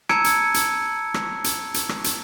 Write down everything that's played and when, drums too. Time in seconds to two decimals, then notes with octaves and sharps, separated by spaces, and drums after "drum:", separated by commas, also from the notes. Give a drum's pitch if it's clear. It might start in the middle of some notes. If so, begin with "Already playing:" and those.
0.09 A5 A#5 E6 G#6 C#7 D7, drum: rim click
0.24 drum: hi-hat
0.54 drum: hi-hat
1.14 drum: rim click
1.44 drum: hi-hat
1.74 drum: hi-hat
1.89 drum: rim click
2.04 drum: hi-hat